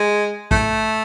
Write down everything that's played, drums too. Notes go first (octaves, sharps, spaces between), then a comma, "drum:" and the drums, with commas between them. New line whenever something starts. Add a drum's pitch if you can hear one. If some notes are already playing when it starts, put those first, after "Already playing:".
Already playing: G#3
A3, drum: kick